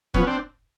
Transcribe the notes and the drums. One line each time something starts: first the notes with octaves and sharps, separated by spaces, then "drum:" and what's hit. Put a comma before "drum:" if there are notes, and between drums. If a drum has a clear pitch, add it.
F3 B3 C#4, drum: kick
C4 D4